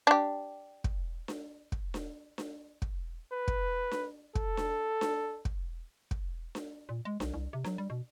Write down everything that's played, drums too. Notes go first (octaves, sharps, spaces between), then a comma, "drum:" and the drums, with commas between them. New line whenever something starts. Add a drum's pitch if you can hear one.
D4 G4
drum: kick
drum: snare D4
drum: kick
drum: snare D4
drum: snare D4
drum: kick
B4
drum: kick
drum: snare D4
A4, drum: kick
drum: snare D4
drum: snare D4
drum: kick
drum: kick
drum: snare D4
A#2
G#3
B1, drum: snare D4
C2
C3
F#3, drum: snare D4
G3
B2